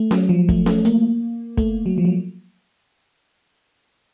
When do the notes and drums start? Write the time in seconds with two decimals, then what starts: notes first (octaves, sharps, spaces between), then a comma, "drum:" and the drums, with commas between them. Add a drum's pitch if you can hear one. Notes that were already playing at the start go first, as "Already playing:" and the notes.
Already playing: A3
0.11 F#3, drum: snare C#4
0.29 F3
0.49 A3, drum: kick
0.66 A3, drum: snare C#4
0.85 A#3, drum: hi-hat
1.57 A3, drum: kick
1.86 F#3
1.98 F3
2.05 F#3